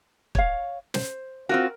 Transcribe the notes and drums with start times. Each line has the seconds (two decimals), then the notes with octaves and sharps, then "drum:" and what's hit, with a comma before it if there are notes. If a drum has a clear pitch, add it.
0.35 C#5 F5, drum: kick
0.94 C5, drum: snare
1.49 C4 F4 F#4 A#4